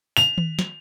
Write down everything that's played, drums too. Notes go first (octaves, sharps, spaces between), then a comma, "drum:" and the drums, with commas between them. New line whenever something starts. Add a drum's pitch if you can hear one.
F7, drum: tambourine
drum: tom D#3
drum: snare